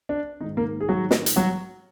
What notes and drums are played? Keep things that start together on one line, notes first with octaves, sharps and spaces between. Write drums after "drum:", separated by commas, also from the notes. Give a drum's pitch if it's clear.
D4
G#2 D#3 D#4
A#3 A#4
G#4
F#3 F#4
drum: snare
drum: hi-hat
F#3 F#4